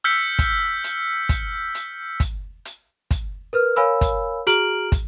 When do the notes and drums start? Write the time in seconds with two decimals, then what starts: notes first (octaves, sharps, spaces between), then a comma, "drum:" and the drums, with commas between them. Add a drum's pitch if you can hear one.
0.04 E6 F6 G6 B6 C#7
0.39 drum: kick, hi-hat
0.84 drum: hi-hat
1.29 drum: kick, hi-hat
1.75 drum: hi-hat
2.20 drum: kick, hi-hat
2.65 drum: hi-hat
3.11 drum: kick, hi-hat
3.53 A#4 B4 F6
3.76 A#4 C#5 F5 G#5 B5 E6
4.01 drum: kick, hi-hat
4.47 F#4 G#4 A#5 F6 D7 F#7, drum: hi-hat
4.92 drum: kick, hi-hat